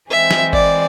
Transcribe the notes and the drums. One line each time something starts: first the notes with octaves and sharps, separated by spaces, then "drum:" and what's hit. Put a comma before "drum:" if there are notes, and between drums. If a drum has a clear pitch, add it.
E3 G#3 C4 E5
drum: snare
D5, drum: kick G1